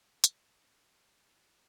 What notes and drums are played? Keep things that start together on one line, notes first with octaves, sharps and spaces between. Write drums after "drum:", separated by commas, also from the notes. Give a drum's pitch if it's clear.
A4 F5, drum: hi-hat
E5 A5 A#5
D4 G#4 F#5 A5